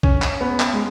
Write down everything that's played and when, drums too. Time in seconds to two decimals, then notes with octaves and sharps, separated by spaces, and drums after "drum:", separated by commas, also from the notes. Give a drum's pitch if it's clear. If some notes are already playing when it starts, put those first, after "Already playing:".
0.03 C#4, drum: kick
0.22 drum: clap
0.41 B3
0.60 drum: clap
0.73 G#3